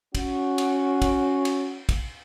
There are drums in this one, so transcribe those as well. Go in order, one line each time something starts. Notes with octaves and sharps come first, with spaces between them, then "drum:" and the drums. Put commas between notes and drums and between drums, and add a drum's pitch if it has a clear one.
C#4 F#4, drum: kick, cymbal
drum: cymbal
drum: kick, cymbal
drum: cymbal
drum: kick, cymbal